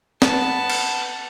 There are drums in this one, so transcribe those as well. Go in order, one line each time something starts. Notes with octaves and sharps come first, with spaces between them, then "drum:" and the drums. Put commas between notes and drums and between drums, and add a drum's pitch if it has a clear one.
B3 A5, drum: snare
drum: cymbal